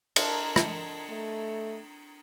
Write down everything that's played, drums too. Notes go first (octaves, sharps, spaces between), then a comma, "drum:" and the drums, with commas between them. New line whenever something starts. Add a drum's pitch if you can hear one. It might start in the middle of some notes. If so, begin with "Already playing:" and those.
D4 A4 A#4 D#5 A5 C6, drum: cymbal
drum: rim click
A3